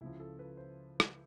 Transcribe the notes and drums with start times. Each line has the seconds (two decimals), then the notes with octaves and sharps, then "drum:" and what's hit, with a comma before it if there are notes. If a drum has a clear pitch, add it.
0.01 C#2 C#3 F3 E4
0.20 A4
0.39 B4
0.57 C5
1.00 drum: rim click